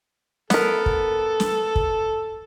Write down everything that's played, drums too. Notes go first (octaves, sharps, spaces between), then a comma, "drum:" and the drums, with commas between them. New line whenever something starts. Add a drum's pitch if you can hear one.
B3 A4 A#4, drum: snare
drum: kick
drum: snare
drum: kick